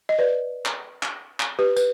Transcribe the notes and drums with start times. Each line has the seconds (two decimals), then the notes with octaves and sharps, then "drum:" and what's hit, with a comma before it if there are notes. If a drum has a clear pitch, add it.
0.09 D#5
0.19 B4 D5
0.65 drum: clap
1.03 drum: clap
1.40 drum: clap
1.59 G4 B4
1.76 B4, drum: tambourine